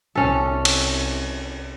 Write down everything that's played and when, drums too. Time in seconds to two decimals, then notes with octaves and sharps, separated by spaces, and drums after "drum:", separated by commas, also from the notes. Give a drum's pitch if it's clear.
0.15 C2 C#4 A4
0.65 drum: cymbal